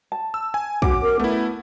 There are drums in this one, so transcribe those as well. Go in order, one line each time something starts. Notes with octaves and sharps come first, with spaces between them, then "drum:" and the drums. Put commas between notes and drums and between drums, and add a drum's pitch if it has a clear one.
A5
E6
G#5
C#4 F#4 D6, drum: kick
A#4
A3 B3 E4